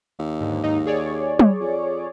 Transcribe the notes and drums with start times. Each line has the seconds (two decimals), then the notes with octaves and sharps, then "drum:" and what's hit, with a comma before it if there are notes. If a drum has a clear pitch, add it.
0.19 D#2
0.41 G#2 D3
0.64 G#2 D#4
0.86 G#4 C#5 D5
1.39 drum: tom
1.60 F2